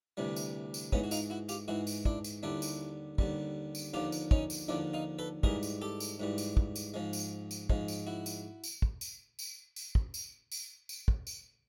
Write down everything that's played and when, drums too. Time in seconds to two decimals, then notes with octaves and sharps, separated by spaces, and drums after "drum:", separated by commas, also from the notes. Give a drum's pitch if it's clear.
0.17 D2 C3 E3 G3
0.36 drum: tambourine
0.74 drum: tambourine
0.92 G#2 E3 G#3 B3 C#4, drum: kick
1.04 F#4
1.11 D#4 F4, drum: tambourine
1.30 E4 F#4
1.49 F4 G4, drum: tambourine
1.68 G#2 E3 G#3 E4 F#4
1.87 drum: tambourine
2.05 D4 E4, drum: kick
2.24 drum: tambourine
2.43 D#2 D3 G3 D4 E4
2.62 drum: tambourine
3.18 D#2 D3 G3, drum: kick
3.75 drum: tambourine
3.94 D#2 D3 F3 F4 G4
4.12 drum: tambourine
4.31 C#4 D#4, drum: kick
4.50 drum: tambourine
4.68 D#2 D3 F3 D4 E4
4.94 D#4 F4
5.19 A4 B4
5.43 G#2 E3 G3 G#4 A#4, drum: kick
5.63 drum: tambourine
5.82 G4 A4
6.00 drum: tambourine
6.20 G#2 E3 G3
6.38 drum: tambourine
6.57 drum: kick
6.76 drum: tambourine
6.94 G#2 F3 G#3
7.13 drum: tambourine
7.51 drum: tambourine
7.70 G#2 F3 G#3, drum: kick
7.88 drum: tambourine
8.07 E4 F#4
8.26 drum: tambourine
8.64 drum: tambourine
8.82 drum: kick
9.01 drum: tambourine
9.39 drum: tambourine
9.76 drum: tambourine
9.95 drum: kick
10.14 drum: tambourine
10.52 drum: tambourine
10.89 drum: tambourine
11.08 drum: kick
11.27 drum: tambourine